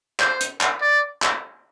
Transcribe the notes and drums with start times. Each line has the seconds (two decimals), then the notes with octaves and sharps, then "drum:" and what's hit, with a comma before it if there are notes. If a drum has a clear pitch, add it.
0.20 C5, drum: clap
0.40 drum: hi-hat
0.61 drum: clap
0.81 D5
1.22 drum: clap